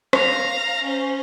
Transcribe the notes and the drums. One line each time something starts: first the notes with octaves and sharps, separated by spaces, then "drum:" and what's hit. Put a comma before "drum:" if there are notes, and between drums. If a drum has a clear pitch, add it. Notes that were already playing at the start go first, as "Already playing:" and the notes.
F5 A#5, drum: rim click
C#4 C5